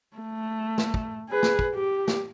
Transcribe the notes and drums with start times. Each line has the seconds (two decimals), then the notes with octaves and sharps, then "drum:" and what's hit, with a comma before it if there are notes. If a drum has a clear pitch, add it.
0.17 A3
0.78 drum: snare
0.94 drum: kick
1.30 G#4 B4
1.43 drum: snare
1.59 drum: kick
1.75 G4
2.08 drum: snare